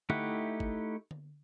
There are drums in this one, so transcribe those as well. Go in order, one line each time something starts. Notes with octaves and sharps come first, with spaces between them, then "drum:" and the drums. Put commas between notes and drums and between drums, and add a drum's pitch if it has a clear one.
A3 D#4 E4 G4 F#5, drum: tom D3
drum: kick
drum: tom D3